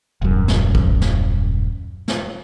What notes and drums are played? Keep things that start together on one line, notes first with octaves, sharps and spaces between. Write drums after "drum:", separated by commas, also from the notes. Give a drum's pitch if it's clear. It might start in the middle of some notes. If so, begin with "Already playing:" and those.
D#1 F#2
drum: snare
drum: kick
drum: snare
drum: snare